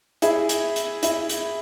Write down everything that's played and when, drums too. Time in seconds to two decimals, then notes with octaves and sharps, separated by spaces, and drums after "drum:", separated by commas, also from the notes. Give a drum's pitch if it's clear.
0.22 E4 G#4, drum: hi-hat
0.49 drum: hi-hat
0.76 drum: hi-hat
1.03 E4, drum: hi-hat
1.29 drum: hi-hat